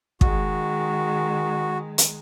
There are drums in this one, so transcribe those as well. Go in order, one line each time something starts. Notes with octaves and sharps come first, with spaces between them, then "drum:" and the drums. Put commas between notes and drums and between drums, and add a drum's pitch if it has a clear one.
D#3 G#3 F#4, drum: kick
drum: hi-hat